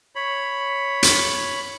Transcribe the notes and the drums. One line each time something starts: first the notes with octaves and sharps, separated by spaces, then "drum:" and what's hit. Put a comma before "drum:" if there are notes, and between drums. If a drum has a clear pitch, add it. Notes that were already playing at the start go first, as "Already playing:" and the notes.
C#5 B5
drum: hi-hat